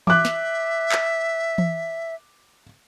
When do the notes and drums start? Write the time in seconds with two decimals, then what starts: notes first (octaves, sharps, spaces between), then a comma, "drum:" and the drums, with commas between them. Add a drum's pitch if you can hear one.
0.07 E5 D6 F#6, drum: tom E3
0.25 drum: snare
0.92 drum: clap
1.58 drum: tom E3